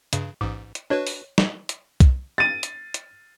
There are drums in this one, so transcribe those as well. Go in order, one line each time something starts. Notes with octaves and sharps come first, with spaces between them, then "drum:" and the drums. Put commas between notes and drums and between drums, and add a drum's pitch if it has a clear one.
G2 C#3, drum: hi-hat
A1 G#2 D6 D#6
drum: hi-hat
D4 F#4 B4 C#5 D#5
drum: open hi-hat
drum: snare
drum: hi-hat
drum: kick, hi-hat
A6 D#7
drum: hi-hat
drum: hi-hat